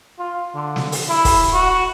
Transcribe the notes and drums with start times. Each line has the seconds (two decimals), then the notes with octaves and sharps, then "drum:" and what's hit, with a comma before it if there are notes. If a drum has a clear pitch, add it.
0.19 F4
0.55 D3
0.76 drum: snare
0.92 drum: open hi-hat
1.08 E4
1.25 drum: kick, open hi-hat
1.53 F#4